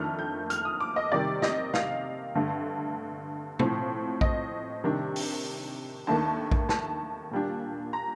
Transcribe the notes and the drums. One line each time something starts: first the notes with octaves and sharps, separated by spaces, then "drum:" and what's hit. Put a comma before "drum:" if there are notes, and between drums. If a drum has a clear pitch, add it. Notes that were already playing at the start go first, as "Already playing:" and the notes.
Already playing: F2 D#3 A3 D4 F6
G6
F6, drum: hi-hat
D#6
D6
D#5
C3 D#3 G3 D5
D#5, drum: snare
F5, drum: snare
G2 D3 A3
A2 F3 C4, drum: tom B2
D#5, drum: kick A#1
C3 D#3 G3 D4
drum: open hi-hat
D#2 D#3 A3 D4 A5
drum: kick A#1
A5, drum: snare
A#2 G3 D4
A#5